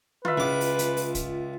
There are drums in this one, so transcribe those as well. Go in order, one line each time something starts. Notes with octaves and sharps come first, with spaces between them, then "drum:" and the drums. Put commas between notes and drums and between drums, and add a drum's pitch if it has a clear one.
F4 B4 E5, drum: tom D3
C#2 D6
drum: open hi-hat
drum: hi-hat
drum: open hi-hat
drum: kick, hi-hat